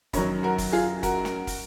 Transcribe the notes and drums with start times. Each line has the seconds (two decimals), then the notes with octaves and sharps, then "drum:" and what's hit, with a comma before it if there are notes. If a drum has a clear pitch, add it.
0.13 F#2 D#3 F#3 A#4 C#5, drum: kick, hi-hat
0.43 F#4 A#4
0.58 drum: kick, open hi-hat
0.72 F4 G#4
1.03 F#4 A#4, drum: kick, hi-hat
1.25 drum: snare
1.47 drum: kick, open hi-hat